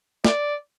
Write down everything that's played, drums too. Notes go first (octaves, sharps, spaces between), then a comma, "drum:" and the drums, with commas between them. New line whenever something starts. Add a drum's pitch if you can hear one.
D5, drum: snare